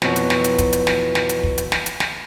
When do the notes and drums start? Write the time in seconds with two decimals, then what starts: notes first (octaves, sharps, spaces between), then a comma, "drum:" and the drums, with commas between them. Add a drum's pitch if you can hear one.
0.02 F2 B2 E3 F#3 B3 C4, drum: snare
0.16 drum: hi-hat
0.30 drum: snare
0.44 drum: hi-hat
0.58 drum: kick, hi-hat
0.73 drum: hi-hat
0.87 drum: snare
1.15 drum: snare
1.29 drum: hi-hat
1.43 drum: kick
1.58 drum: hi-hat
1.72 drum: snare
1.86 drum: hi-hat
2.00 drum: snare